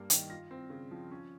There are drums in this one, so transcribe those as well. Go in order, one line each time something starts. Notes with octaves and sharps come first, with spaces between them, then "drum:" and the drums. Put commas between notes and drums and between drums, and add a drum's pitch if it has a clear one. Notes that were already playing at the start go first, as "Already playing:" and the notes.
Already playing: G2 G3 A#3
D#3, drum: hi-hat
F4 A#6
C4
C#3
F3
C#4